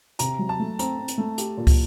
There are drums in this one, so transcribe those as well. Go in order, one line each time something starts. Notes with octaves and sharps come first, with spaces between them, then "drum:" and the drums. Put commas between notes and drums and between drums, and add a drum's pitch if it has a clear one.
C3 A#5, drum: hi-hat
F#3
A5
A3
C4 A#5, drum: hi-hat
C4
drum: hi-hat
A3
G4, drum: hi-hat
A#2
drum: kick, open hi-hat